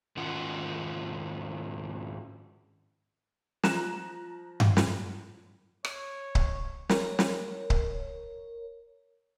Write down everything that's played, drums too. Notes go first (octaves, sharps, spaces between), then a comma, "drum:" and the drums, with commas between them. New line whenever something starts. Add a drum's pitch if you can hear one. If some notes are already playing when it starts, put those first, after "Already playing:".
G#2 D#3 C#4 F4 F#5
F3 A#5 F#6 E7, drum: snare
drum: tom G2
drum: snare
C#5, drum: rim click
drum: kick C#1
A#4 C#5, drum: snare
drum: snare
drum: kick C#1